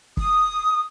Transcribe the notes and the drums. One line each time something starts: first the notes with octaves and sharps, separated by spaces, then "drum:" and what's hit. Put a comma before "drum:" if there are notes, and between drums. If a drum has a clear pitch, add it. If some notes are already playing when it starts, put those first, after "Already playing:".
D#6, drum: kick